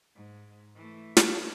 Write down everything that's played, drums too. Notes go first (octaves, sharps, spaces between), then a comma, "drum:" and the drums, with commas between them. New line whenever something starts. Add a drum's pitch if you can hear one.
G#2
E3 A3
drum: snare